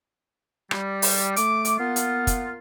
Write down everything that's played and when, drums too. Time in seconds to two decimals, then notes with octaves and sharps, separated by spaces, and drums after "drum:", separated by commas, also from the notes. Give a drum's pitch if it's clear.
0.71 G3, drum: rim click
1.02 drum: open hi-hat
1.36 A3 D6, drum: hi-hat
1.65 drum: hi-hat
1.79 A#3 B3 F4
1.96 drum: hi-hat
2.27 drum: kick, hi-hat